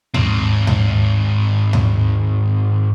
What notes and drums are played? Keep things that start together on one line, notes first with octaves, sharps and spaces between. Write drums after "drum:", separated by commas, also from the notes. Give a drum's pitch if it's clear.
G#2 C4, drum: tom
drum: tom
drum: tom